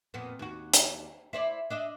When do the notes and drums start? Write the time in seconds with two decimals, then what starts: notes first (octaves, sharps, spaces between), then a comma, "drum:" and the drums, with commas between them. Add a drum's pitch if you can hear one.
0.14 F2 A#2 B3
0.39 D#2 F#4
0.74 drum: hi-hat
1.33 E4 C5 D5
1.70 D4 D#5 E5